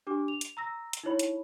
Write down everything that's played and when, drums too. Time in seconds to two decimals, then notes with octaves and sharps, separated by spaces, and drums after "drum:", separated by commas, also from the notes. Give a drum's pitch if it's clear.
0.07 D4 G4 D6
0.28 F7
0.41 drum: hi-hat
0.57 A#5 E6 A#6
0.93 drum: hi-hat
1.03 D#4 E4 C#5 B5
1.19 drum: hi-hat